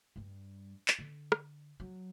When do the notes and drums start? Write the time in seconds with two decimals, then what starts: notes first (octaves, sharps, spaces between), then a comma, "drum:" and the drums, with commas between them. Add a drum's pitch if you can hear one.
0.16 G2 G3
0.88 drum: clap
0.99 D3
1.32 drum: rim click
1.80 F#3